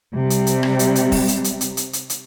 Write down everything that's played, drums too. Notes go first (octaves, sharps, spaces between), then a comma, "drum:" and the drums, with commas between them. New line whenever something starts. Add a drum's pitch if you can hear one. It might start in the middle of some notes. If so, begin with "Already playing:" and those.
C3 G3
drum: hi-hat
drum: hi-hat
drum: rim click
drum: hi-hat
drum: hi-hat
drum: kick, open hi-hat
drum: hi-hat
drum: hi-hat
drum: hi-hat
drum: hi-hat
drum: hi-hat
drum: hi-hat